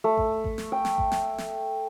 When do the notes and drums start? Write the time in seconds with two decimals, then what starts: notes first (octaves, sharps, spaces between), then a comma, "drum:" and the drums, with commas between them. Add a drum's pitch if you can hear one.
0.04 A3
0.18 drum: kick G#1
0.44 drum: kick G#1
0.58 drum: snare
0.72 G5
0.85 drum: snare
0.98 drum: kick G#1
1.12 drum: snare
1.38 drum: snare